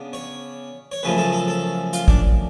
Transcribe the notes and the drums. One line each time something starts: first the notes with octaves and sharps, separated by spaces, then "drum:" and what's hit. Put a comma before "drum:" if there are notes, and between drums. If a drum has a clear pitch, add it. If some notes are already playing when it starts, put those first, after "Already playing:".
Already playing: C#3 B3 D4
C#5
C#5
F#2 C#3 F3 A3 B4
A4
A4
A4
F4, drum: hi-hat
D4, drum: kick